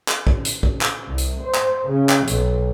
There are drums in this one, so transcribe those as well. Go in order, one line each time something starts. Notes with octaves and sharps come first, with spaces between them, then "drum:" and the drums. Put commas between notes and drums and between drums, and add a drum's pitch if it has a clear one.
drum: clap
drum: kick
drum: hi-hat
drum: kick
drum: clap
C2
drum: hi-hat
C5
drum: clap
C#3
drum: clap
B1, drum: hi-hat